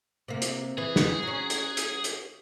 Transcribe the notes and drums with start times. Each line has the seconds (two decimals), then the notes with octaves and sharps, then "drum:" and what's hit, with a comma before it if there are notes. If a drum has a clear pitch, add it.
0.28 C3 A#3
0.42 drum: hi-hat
0.78 E3 G#4
0.96 drum: snare
1.23 F#3 C#4
1.50 drum: hi-hat
1.77 drum: hi-hat
2.04 drum: hi-hat